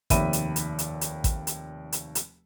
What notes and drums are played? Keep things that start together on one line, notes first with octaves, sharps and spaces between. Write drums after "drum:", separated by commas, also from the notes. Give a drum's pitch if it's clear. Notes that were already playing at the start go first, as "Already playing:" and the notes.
F1 D#2 E5 B5 D#7, drum: kick A1, hi-hat
drum: hi-hat
drum: hi-hat
drum: hi-hat
drum: hi-hat
drum: kick A1, hi-hat
drum: hi-hat
drum: hi-hat
drum: hi-hat